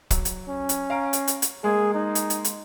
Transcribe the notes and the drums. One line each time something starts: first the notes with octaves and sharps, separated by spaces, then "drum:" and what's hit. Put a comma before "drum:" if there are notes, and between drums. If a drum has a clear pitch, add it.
F#3, drum: kick, hi-hat
drum: hi-hat
C#4
drum: hi-hat
F5 A#5 D7
drum: hi-hat
drum: hi-hat
drum: hi-hat
G#3 A#3 G#4
D#4
drum: hi-hat
drum: hi-hat
drum: hi-hat